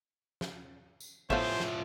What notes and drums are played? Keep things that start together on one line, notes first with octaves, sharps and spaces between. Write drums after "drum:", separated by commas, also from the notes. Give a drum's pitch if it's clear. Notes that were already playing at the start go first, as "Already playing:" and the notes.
drum: snare
drum: tambourine
A2 F3 A3 B3 C5 C#5 E5 F5, drum: kick G#1
drum: snare